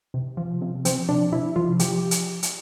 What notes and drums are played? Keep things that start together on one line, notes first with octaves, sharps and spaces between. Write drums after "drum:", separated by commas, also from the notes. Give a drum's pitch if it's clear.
C3
F3
C3
F3 C4, drum: hi-hat
C3 D4
C3 E4
F3 F4
F3 G4, drum: hi-hat
drum: hi-hat
drum: hi-hat